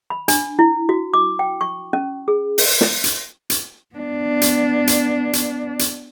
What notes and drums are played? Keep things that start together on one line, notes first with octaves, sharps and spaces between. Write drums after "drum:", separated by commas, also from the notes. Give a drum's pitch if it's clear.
B5
D4, drum: hi-hat
E4
F#4
D6
G5
C#6
C#4
G#4
drum: open hi-hat
drum: snare
drum: hi-hat
drum: hi-hat
B3 D4
drum: hi-hat
drum: hi-hat
drum: hi-hat
drum: hi-hat